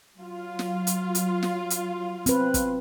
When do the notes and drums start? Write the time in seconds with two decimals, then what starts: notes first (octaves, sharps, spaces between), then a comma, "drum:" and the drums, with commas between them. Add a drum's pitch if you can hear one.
0.18 F#3 F4
0.59 drum: snare
0.87 drum: hi-hat
1.15 drum: hi-hat
1.43 drum: snare
1.70 drum: hi-hat
2.26 C4 B4, drum: hi-hat
2.54 drum: kick, hi-hat